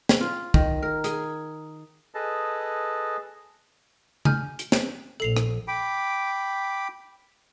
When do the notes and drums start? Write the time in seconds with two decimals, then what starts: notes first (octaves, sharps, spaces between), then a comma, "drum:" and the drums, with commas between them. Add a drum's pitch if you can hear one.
0.09 drum: snare
0.21 F4
0.54 D#3, drum: kick
0.82 A#4
1.04 G#4, drum: hi-hat
2.14 G#4 A4 B4 D#5 A5
4.25 G#5 F6 G6, drum: tom C#3
4.59 drum: hi-hat
4.72 drum: snare
5.20 A#1 A4 C7 F7
5.37 drum: rim click
5.68 G5 B5 D6